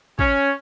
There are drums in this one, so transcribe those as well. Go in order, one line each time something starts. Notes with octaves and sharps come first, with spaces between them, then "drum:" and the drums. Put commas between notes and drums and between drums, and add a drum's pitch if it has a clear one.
C#4, drum: kick